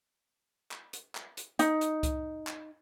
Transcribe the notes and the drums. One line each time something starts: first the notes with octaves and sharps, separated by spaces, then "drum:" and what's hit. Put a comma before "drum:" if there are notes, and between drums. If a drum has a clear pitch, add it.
drum: clap
drum: hi-hat
drum: clap
drum: hi-hat
D#4, drum: hi-hat
drum: hi-hat
drum: kick C2, hi-hat
drum: clap